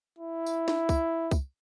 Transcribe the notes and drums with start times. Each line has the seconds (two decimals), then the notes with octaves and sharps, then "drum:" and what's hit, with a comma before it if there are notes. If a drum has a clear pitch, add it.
0.19 E4
0.46 drum: tambourine
0.68 drum: snare
0.89 drum: kick C2, tambourine
1.31 drum: kick C2, tambourine